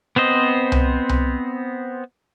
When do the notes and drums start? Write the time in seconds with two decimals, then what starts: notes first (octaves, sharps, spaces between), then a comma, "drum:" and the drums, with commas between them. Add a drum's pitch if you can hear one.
0.16 B3 C4 C5 D#5
0.72 drum: tom C2
1.09 drum: tom C2